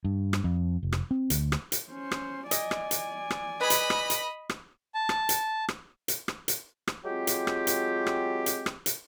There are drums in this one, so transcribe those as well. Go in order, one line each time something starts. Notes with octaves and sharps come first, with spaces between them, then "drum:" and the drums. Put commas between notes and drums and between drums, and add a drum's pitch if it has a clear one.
G2
drum: rim click
F2
F1
drum: rim click
C4
D2, drum: hi-hat
drum: rim click
drum: hi-hat
C#4 C5
drum: rim click
D5 D#5 G#5, drum: hi-hat
drum: rim click
drum: hi-hat
drum: rim click
G#4 B4 D#5 B5
drum: hi-hat
drum: rim click
drum: hi-hat
drum: rim click
A5
drum: rim click
drum: hi-hat
drum: rim click
drum: hi-hat
drum: rim click
drum: hi-hat
drum: rim click
F#3 G#3 C4 F4 G4
drum: hi-hat
drum: rim click
drum: hi-hat
drum: rim click
drum: hi-hat
drum: rim click
drum: hi-hat